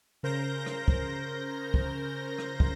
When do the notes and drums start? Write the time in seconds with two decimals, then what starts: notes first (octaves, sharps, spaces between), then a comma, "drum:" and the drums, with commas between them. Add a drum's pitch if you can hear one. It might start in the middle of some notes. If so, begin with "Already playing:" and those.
0.23 C#3 A#4 C5 G6 A#6
0.66 drum: rim click
0.88 drum: kick
1.74 drum: kick
2.38 drum: rim click
2.60 drum: kick